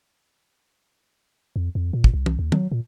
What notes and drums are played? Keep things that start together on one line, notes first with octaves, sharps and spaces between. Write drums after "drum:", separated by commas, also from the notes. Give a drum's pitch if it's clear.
F2
F2
A#2
drum: kick
C2
drum: tom
D#2
F#3, drum: tom
A#2